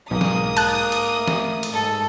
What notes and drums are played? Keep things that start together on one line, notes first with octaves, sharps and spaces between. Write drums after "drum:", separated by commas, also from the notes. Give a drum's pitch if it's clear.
B1 G#2 A#3 D#6
drum: snare
A5 F#6, drum: cymbal
drum: cymbal
A3
drum: snare
drum: cymbal
G#2 A4